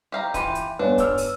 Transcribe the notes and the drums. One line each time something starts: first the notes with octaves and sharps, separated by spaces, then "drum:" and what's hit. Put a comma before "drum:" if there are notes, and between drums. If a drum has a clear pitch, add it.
G4 F5 A#5
E3 F4 G4 D#7, drum: kick, hi-hat
drum: hi-hat
G2 B3 D4 B4 C#5 G#5
D6 E6 F6, drum: kick, hi-hat
drum: open hi-hat